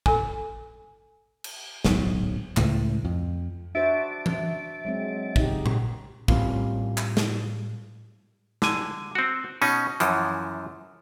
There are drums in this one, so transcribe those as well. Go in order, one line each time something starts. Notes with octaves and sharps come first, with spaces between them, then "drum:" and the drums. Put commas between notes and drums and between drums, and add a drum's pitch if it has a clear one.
A4 G#5, drum: kick
drum: cymbal
D1 B1 G#2 F#3, drum: snare
C#2 A2, drum: clap
F2
D4 F#4 C5 E5 A6 D7
drum: tom E3
F#3 G#3 C4
C#3 D#4 G4, drum: kick
drum: tom A#2
A2 G3 A#3 C4 C#4 F4, drum: kick
drum: clap
drum: snare
D3 G#5, drum: snare
C4 F#4
B2 C#4 D#4, drum: tambourine
F#2 E3 F3, drum: hi-hat